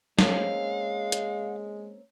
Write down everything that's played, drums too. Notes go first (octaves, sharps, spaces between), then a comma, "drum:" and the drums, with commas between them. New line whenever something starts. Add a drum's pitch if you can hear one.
G#3 A#3 C4 C#4 F5, drum: snare
drum: hi-hat